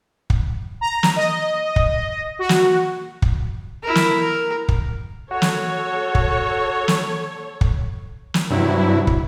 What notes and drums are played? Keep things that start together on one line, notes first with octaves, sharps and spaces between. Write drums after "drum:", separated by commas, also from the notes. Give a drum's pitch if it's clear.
drum: kick
A#5
drum: snare
D#5
drum: kick
F#4
drum: snare
drum: kick
E4 A#4
drum: snare
A#4
drum: kick
F#4 A4 C#5
drum: snare
drum: kick
drum: snare
drum: kick
drum: snare
G2 C3 F#3 E4
drum: kick